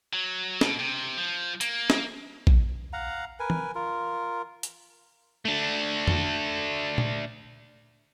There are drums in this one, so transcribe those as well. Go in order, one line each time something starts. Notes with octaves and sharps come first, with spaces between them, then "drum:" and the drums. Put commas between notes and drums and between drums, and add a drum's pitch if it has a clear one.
F#3
B2, drum: snare
C3
F3
A#3, drum: hi-hat
drum: snare
drum: kick
F5 F#5 A#5
A#4 B4 G#5
drum: tom E3
F4 A#4
drum: hi-hat
A3 D4
drum: tom
drum: tom A#2